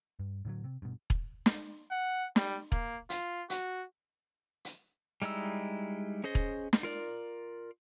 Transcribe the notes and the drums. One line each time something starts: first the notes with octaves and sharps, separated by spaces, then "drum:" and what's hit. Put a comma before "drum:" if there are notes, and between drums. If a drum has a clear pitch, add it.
G2
A2 D3 E3 F#3
C3
G2 B2
drum: kick E1
drum: snare
F#5
G3, drum: snare
A#3, drum: kick E1
F4, drum: hi-hat
F#4, drum: hi-hat
drum: hi-hat
G3 G#3 D#4 E4 E6
C#4 G#4 C5 D#5
drum: kick E1
drum: snare
F4 A#4 D5